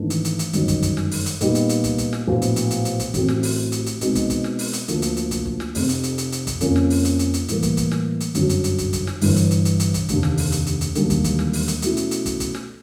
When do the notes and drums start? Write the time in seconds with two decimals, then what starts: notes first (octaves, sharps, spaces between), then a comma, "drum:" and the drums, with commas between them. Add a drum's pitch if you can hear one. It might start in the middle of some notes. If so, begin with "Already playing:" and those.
Already playing: G#1 G#2 E3 A3 D4
0.10 drum: hi-hat
0.25 drum: hi-hat
0.39 drum: hi-hat
0.53 G1 F#2 D#3 G#3, drum: hi-hat
0.68 drum: kick, hi-hat
0.82 drum: kick, hi-hat
0.97 drum: snare
1.11 drum: open hi-hat
1.26 drum: hi-hat
1.41 A#2 G3 B3 D#4 G4, drum: hi-hat
1.55 drum: hi-hat
1.69 drum: hi-hat
1.84 drum: kick, hi-hat
1.98 drum: kick, hi-hat
2.13 drum: snare
2.27 A#1 A2 F#3 B3
2.42 drum: hi-hat
2.56 drum: hi-hat
2.71 drum: hi-hat
2.85 drum: hi-hat
2.99 drum: kick, hi-hat
3.14 A1 A2 F#3 A3 C4, drum: kick, hi-hat
3.28 drum: snare
3.43 drum: open hi-hat
3.72 drum: hi-hat
3.86 drum: hi-hat
4.01 B2 G#3 C4 D#4, drum: hi-hat
4.15 drum: kick, hi-hat
4.30 drum: kick, hi-hat
4.44 drum: snare
4.59 drum: open hi-hat
4.73 drum: hi-hat
4.88 D2 D3 F3 A#3, drum: hi-hat
5.02 drum: hi-hat
5.17 drum: hi-hat
5.31 drum: kick, hi-hat
5.45 drum: kick
5.60 drum: snare
5.75 F1 F2 C3, drum: open hi-hat
5.89 drum: hi-hat
6.03 drum: hi-hat
6.18 drum: hi-hat
6.32 drum: hi-hat
6.47 drum: kick, hi-hat
6.61 F2 C#3 F3 A#3 C#4, drum: kick, hi-hat
6.76 drum: snare
6.90 drum: open hi-hat
7.05 drum: hi-hat
7.19 drum: hi-hat
7.34 drum: hi-hat
7.48 A2 E3 G3 A#3, drum: hi-hat
7.63 drum: kick, hi-hat
7.77 drum: kick, hi-hat
7.91 drum: snare
8.20 drum: hi-hat
8.35 G1 F#2 D3 F#3, drum: hi-hat
8.49 drum: hi-hat
8.64 drum: hi-hat
8.78 drum: kick, hi-hat
8.93 drum: kick, hi-hat
9.07 drum: snare
9.21 G1 G2 E3, drum: open hi-hat
9.36 drum: hi-hat
9.51 drum: hi-hat
9.65 drum: hi-hat
9.80 drum: hi-hat
9.94 drum: kick, hi-hat
10.09 F1 D#2 D3, drum: kick, hi-hat
10.23 drum: snare
10.37 drum: open hi-hat
10.52 drum: hi-hat
10.66 drum: hi-hat
10.81 drum: hi-hat
10.95 E1 D#2 D3 G3 A#3, drum: hi-hat
11.10 drum: kick, hi-hat
11.24 drum: kick, hi-hat
11.39 drum: snare
11.53 drum: open hi-hat
11.68 drum: hi-hat
11.82 B2 F#3 A3 C#4 E4, drum: hi-hat
11.97 drum: hi-hat
12.11 drum: hi-hat
12.26 drum: kick, hi-hat
12.40 drum: kick, hi-hat
12.55 drum: snare